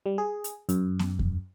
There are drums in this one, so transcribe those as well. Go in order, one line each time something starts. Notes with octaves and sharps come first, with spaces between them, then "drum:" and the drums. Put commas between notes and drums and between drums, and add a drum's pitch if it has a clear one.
G3
G#4
drum: hi-hat
F#2, drum: hi-hat
drum: snare B3
drum: kick E2